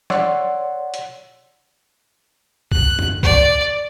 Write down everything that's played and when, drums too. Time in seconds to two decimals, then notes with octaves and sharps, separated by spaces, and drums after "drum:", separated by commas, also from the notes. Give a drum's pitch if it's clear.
0.10 C#5 D5 F#5 C6 E6, drum: snare
0.94 drum: hi-hat
2.72 F#6, drum: kick C2
2.99 drum: tom F#2
3.23 D5, drum: kick C2